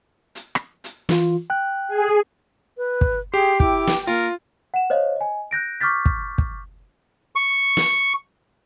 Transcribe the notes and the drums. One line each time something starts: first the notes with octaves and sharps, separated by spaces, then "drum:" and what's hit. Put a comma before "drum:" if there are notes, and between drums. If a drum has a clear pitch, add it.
drum: hi-hat
drum: rim click
drum: hi-hat
E3 F4, drum: snare
G5 F#6
G#4
B4
drum: kick
G4 G#4 G5 C6
E4 D6, drum: kick
drum: snare
A#3 F4 A#4
F#5 E7
C5 C#5 D#5 F5
D#5 G#5
F#6 G6 A#6 D7
C#6 D6 F6 G6 A6 B6
drum: kick
drum: kick
C#6
drum: snare